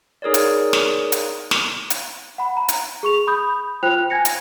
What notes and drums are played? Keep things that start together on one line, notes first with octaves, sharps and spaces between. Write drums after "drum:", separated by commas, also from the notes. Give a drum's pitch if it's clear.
D#4 G#4 A#4 C#5 D5
drum: hi-hat
drum: snare
drum: hi-hat
drum: snare
drum: hi-hat
F#5 B5
A#5
drum: hi-hat
G#4 C#6 F7
B5 D#6 G6
F4 C5 G5 F#6 F7
G#5 G#6 A#6 C#7
drum: hi-hat